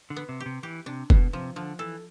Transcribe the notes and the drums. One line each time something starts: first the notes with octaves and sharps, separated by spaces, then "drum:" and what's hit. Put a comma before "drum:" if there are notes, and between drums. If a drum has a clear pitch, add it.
D3
B3
C3
G4
C3
E3 G4
C3 D4
B2 B3, drum: kick
C3 F3
D3 F3
E3 A4